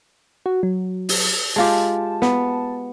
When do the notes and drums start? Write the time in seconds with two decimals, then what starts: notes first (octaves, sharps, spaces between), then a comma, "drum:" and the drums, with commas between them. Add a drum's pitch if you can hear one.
0.46 F#4
0.63 F#3
1.09 drum: open hi-hat
1.56 G#3 F4 G4 A5
2.22 B3, drum: snare